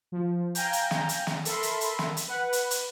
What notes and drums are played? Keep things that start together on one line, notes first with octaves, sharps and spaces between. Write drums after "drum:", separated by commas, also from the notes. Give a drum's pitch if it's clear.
F3
F5 G5 G#5 A#5 G6, drum: hi-hat
drum: hi-hat
drum: snare
drum: hi-hat
drum: snare
A4 A#4 E5 B5 C6, drum: hi-hat
drum: hi-hat
drum: hi-hat
drum: snare
drum: hi-hat
B4 F#5
drum: hi-hat
drum: hi-hat